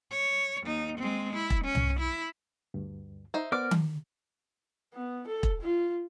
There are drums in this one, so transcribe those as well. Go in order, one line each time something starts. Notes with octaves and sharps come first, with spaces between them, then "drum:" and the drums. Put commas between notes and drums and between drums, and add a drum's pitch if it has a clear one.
C#5
D#2 D#4
G#3 C4
E4
drum: kick E1
C#4
drum: tom C2
E4
D2 G2
D#4 C5 E5
B3 A#4 C5 D5 F#5 D6 F6
drum: tom D#3
B3
A4
drum: kick E1
F4